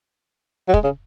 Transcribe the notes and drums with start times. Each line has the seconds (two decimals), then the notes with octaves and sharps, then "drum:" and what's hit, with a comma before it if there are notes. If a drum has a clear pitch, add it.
0.68 F#3
0.74 G#3, drum: kick
0.84 C#3